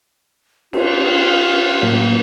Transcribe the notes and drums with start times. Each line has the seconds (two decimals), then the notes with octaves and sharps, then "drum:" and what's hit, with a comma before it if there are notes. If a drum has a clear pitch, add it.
0.73 F4, drum: cymbal
1.82 A2 F#3 A#3